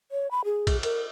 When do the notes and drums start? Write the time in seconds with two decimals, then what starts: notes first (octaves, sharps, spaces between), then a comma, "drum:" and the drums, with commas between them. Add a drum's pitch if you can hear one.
0.12 C#5
0.31 B5
0.45 G#4
0.67 drum: kick, cymbal
0.83 A#4, drum: cymbal